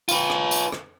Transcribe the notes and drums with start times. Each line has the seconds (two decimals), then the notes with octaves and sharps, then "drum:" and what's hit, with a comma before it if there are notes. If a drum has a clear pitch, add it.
0.09 F4 B4, drum: tambourine
0.30 drum: rim click
0.51 drum: tambourine
0.72 drum: rim click